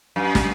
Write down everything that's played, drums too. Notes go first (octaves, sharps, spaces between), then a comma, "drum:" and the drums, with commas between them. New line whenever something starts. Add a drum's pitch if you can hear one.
F#2
drum: snare